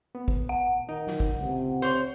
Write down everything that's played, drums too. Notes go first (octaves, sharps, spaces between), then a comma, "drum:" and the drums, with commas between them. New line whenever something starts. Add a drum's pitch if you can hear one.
B3
drum: kick
F#5
D#3 D#4
drum: snare
drum: kick
C#2 C3
C5 C#5